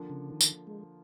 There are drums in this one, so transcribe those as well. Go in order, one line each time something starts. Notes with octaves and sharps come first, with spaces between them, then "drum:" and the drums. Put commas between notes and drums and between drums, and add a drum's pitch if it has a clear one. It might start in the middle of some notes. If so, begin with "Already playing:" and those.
Already playing: D3 F3 A#3 D4
C#3
D#3
drum: tambourine
G#3